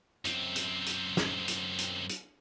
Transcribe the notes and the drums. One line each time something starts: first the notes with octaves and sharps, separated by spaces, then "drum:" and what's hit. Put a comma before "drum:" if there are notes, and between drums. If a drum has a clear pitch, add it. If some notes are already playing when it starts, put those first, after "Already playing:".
F#2 C4, drum: hi-hat
drum: hi-hat
drum: hi-hat
drum: snare
drum: hi-hat
drum: hi-hat
drum: hi-hat